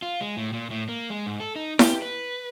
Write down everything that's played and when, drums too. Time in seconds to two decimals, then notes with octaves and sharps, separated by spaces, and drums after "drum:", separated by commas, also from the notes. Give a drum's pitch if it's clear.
0.02 F4
0.21 G#3
0.37 A2
0.53 A#2
0.71 A2
0.89 A#3
1.10 G#3
1.27 G#2
1.40 A4
1.56 D#4
1.79 G4, drum: snare E4
2.02 B4